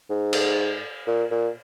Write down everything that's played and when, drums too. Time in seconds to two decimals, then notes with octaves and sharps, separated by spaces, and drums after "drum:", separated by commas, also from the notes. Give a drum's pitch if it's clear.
0.10 G#2
0.33 drum: cymbal
1.07 A#2
1.31 A#2